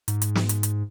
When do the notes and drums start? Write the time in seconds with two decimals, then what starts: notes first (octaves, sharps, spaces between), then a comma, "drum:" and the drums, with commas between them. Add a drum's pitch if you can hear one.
0.08 G#2, drum: hi-hat
0.22 drum: hi-hat
0.35 drum: snare
0.49 drum: hi-hat
0.63 drum: hi-hat